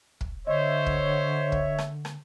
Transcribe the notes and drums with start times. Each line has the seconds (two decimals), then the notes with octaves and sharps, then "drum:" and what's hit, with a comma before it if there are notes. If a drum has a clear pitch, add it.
0.21 drum: kick
0.47 D3 C5 C#5 D#5 E5
0.86 drum: kick
1.52 drum: kick
1.78 drum: rim click
2.05 drum: rim click